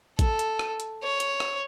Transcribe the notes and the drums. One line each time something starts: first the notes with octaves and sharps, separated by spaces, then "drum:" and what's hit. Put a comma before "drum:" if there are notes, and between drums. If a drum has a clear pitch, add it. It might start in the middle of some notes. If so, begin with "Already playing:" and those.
A4, drum: kick A1, hi-hat
drum: hi-hat
drum: rim click
drum: hi-hat
C#5
drum: hi-hat
drum: rim click